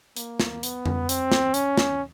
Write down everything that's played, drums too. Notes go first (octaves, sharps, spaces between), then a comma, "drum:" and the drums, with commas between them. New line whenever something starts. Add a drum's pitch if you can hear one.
A#3, drum: hi-hat
drum: snare
B3, drum: hi-hat
drum: tom F2
C4, drum: hi-hat
drum: snare
C#4, drum: hi-hat
drum: snare